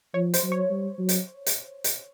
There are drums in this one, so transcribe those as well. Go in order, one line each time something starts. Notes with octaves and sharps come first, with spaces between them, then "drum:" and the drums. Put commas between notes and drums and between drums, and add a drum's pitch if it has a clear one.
F3 C#5
C5, drum: hi-hat
F#3
C#5
G3
F#3
drum: hi-hat
drum: hi-hat
drum: hi-hat